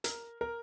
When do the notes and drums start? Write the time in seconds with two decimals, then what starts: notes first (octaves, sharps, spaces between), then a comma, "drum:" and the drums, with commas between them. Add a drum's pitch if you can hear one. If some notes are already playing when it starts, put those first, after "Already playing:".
0.04 A#4, drum: hi-hat
0.41 A#4